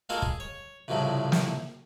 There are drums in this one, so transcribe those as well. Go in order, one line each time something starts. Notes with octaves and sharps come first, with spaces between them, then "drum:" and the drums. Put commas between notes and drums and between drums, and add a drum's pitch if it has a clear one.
G#3 A#3 F4 F#4 A4 A#4
G#4, drum: kick
C#5
C2 F#2 A2 C#3 F3 F#3
drum: snare